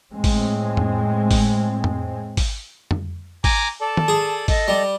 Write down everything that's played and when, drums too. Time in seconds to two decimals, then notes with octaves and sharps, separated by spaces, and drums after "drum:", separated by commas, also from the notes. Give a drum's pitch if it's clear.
0.13 A2 G#3 C4
0.24 drum: kick G#1, open hi-hat
0.77 drum: tom F2
1.31 drum: kick G#1, open hi-hat
1.84 drum: tom F2
2.37 drum: kick G#1, open hi-hat
2.91 drum: tom F2
3.44 G#5 A#5 D6, drum: kick G#1, open hi-hat
3.81 A4 D5 A5
3.97 drum: tom
4.08 G#4
4.48 A4 D#5, drum: kick G#1, open hi-hat
4.68 G3